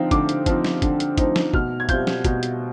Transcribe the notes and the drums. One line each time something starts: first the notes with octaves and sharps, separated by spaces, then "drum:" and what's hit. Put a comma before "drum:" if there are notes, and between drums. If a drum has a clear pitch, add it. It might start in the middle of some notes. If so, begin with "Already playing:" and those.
Already playing: D3 F3 C4 D#4 F5 G5
D3 D6, drum: kick G1, hi-hat
drum: hi-hat
F3 C4 D#4, drum: kick G1, hi-hat
drum: snare
D3, drum: kick G1, hi-hat
drum: hi-hat
F3 C4 D#4, drum: kick G1, hi-hat
drum: snare
B2 F6, drum: kick G1
G#6
G3 C4 F4 G6, drum: kick G1, hi-hat
drum: snare
B2, drum: kick G1, hi-hat
drum: hi-hat